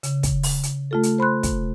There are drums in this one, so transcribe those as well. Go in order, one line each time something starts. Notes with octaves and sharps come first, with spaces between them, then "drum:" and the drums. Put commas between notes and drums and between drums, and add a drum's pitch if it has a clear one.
C#3, drum: hi-hat
drum: kick, hi-hat
drum: open hi-hat
drum: hi-hat
A3 F4 A4
drum: hi-hat
C5 B5 C6 F#6
drum: kick, hi-hat